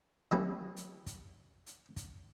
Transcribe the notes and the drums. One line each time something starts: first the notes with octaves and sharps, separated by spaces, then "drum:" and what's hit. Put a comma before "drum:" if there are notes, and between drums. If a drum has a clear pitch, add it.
E3 F#3 G3 A#3 B3 C#4
drum: hi-hat
drum: kick, hi-hat
drum: hi-hat
drum: kick, hi-hat